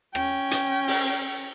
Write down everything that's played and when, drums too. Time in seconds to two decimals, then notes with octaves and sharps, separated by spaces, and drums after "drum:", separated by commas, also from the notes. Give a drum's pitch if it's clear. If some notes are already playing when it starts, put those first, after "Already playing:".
0.15 C#4 G5, drum: rim click
0.51 drum: hi-hat
0.88 drum: open hi-hat